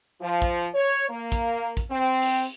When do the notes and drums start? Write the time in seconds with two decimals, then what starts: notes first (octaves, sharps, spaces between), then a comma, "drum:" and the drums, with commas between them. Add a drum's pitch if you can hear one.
0.21 F3
0.42 drum: kick
0.74 C#5
1.09 A#3
1.32 drum: kick, hi-hat
1.77 drum: kick, hi-hat
1.91 C4
2.22 drum: open hi-hat